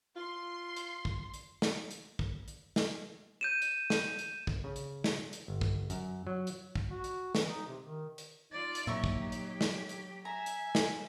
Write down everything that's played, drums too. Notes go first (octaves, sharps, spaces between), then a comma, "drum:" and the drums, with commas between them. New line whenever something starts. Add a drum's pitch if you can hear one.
F4 C6
drum: hi-hat
drum: kick
drum: hi-hat
drum: snare
drum: hi-hat
drum: kick
drum: hi-hat
drum: snare
G6 D#7 E7
drum: hi-hat
drum: snare
drum: hi-hat
drum: kick
C#3
drum: hi-hat
drum: snare
drum: hi-hat
G1
drum: kick
F#2, drum: hi-hat
F#3
drum: hi-hat
drum: kick
F#4
drum: hi-hat
E3, drum: snare
D#4
C3
D#3
drum: hi-hat
D#4 F4 D5
drum: hi-hat
A#2 F#3 G4 E5 A#5 C#6
drum: kick
drum: hi-hat
drum: snare
drum: hi-hat
E5 G#5 A#5
drum: hi-hat
drum: snare